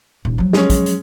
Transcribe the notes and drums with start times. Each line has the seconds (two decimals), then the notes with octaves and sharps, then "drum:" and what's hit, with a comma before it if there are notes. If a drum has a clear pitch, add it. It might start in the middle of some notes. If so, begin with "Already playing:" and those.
0.25 D#1
0.38 F3 F#3
0.53 G#3 C#4, drum: snare
0.70 drum: kick, hi-hat
0.86 drum: hi-hat